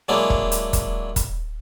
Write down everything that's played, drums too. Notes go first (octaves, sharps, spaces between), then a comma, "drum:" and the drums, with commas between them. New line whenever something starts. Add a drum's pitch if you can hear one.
F#3 G#3 A#3 D4 E4
drum: kick E1
drum: hi-hat
drum: kick E1, hi-hat
drum: kick E1, hi-hat